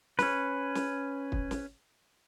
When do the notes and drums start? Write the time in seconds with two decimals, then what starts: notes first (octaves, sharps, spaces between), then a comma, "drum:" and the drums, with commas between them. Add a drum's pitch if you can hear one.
0.19 C#4 B4, drum: snare
0.75 drum: snare
1.32 drum: kick
1.51 drum: snare